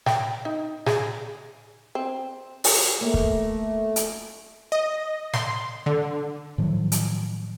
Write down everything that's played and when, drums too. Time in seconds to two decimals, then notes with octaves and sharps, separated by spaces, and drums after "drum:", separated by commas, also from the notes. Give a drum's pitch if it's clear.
0.06 G5, drum: snare
0.45 D#4
0.86 G#4, drum: snare
1.95 C4
2.64 drum: open hi-hat
3.01 A3 A#3
3.14 drum: kick
3.96 drum: hi-hat
4.72 D#5
5.34 C6, drum: snare
5.86 D3
6.58 A2 D#3 F3 F#3
6.92 drum: hi-hat